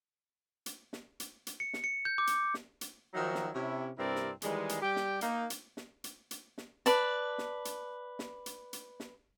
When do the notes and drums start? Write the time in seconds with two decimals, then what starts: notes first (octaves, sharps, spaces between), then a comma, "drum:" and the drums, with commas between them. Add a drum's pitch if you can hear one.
0.66 drum: hi-hat
0.93 drum: snare
1.20 drum: hi-hat
1.47 drum: hi-hat
1.60 C#7
1.74 drum: snare
1.84 C#7
2.05 G6
2.18 D6
2.27 drum: hi-hat
2.54 drum: snare
2.81 drum: hi-hat
3.14 D#3 F3 F#3 D#4 F#4 E5
3.35 drum: snare
3.53 C3 C#4 E4
3.97 G2 C3 C4 E4 A#4 D5
4.16 drum: snare
4.42 D#3 E3 G3 G#3, drum: hi-hat
4.69 drum: hi-hat
4.81 G3 G4 G5
4.96 drum: snare
5.21 A#3 D#4, drum: hi-hat
5.50 drum: hi-hat
5.77 drum: snare
6.04 drum: hi-hat
6.31 drum: hi-hat
6.58 drum: snare
6.86 B4 D5 A5, drum: hi-hat
7.38 drum: snare
7.65 drum: hi-hat
8.19 drum: snare
8.46 drum: hi-hat
8.73 drum: hi-hat
9.00 drum: snare